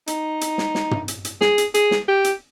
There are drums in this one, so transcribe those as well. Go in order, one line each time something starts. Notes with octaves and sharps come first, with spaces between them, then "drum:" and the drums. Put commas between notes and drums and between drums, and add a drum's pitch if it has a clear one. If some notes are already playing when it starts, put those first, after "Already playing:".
D#4, drum: hi-hat
drum: hi-hat
drum: snare
drum: snare
drum: tom
drum: hi-hat
drum: hi-hat
G#4, drum: snare
drum: hi-hat
G#4, drum: hi-hat
drum: snare
G4
drum: hi-hat